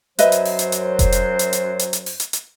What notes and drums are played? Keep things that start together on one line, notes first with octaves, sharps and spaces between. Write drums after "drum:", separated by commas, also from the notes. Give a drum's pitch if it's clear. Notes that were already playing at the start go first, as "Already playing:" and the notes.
F#2 F#3 B4 C5 D#5 E5, drum: hi-hat
drum: hi-hat
drum: open hi-hat
drum: hi-hat
drum: hi-hat
drum: kick F1, hi-hat
drum: hi-hat
drum: hi-hat
drum: hi-hat
drum: hi-hat
drum: hi-hat
drum: open hi-hat
drum: hi-hat
drum: hi-hat